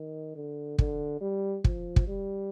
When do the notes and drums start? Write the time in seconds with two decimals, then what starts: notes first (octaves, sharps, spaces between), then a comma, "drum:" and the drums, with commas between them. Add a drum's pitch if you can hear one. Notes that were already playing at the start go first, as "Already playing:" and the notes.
Already playing: D#3
0.36 D3
0.79 D3, drum: kick
1.21 G3
1.64 F3, drum: kick
1.96 drum: kick
2.07 G3